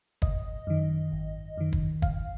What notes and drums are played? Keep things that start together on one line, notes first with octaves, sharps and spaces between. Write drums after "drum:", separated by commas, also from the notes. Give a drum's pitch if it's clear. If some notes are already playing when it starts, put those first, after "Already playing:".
G#1 D#5, drum: kick
F#2 D#3
G#1
F#2 D#3
drum: kick
G#1 F5, drum: kick